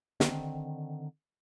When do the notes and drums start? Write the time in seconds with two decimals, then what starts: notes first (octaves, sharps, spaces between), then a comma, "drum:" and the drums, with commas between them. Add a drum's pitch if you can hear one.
0.20 D3 D#3 C4, drum: snare